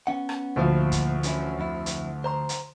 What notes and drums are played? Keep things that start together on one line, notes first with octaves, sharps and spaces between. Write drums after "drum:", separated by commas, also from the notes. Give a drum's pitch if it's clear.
B3 C#4 F#5
drum: rim click
D2 A#2 F3 E4 F5
drum: kick, hi-hat
E3 C#4 E4, drum: hi-hat
F2 E4
drum: hi-hat
C5 A#5 C6
drum: hi-hat